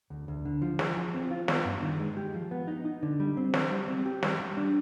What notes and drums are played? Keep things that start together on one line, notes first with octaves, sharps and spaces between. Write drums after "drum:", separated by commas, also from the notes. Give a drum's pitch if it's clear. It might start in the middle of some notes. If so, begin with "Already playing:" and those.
D2
D2
D3
F3
G#4, drum: snare
F3
C4
F4
B3, drum: snare
G2
D#3
G#3
G4
F3
B3
D#4
D#4
D3
G3
C4
C5, drum: snare
G3
C4
G4
G3, drum: snare
G3
D4